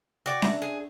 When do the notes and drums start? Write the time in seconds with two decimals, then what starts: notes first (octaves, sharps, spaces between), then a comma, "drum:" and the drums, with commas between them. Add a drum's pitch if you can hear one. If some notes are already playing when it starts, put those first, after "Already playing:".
0.26 F#4 D5 G5
0.42 D4 E5, drum: snare C#4
0.62 G#4